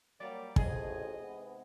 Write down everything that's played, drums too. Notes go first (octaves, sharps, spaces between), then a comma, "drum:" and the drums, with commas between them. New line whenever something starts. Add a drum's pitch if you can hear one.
F#3 G3 A#3 D5
A1 F2 G#4 D#5, drum: kick
G#2 C3 B3